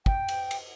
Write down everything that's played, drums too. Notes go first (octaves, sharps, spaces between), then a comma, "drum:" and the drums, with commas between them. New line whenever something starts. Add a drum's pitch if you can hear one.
G5, drum: kick
drum: cymbal
drum: cymbal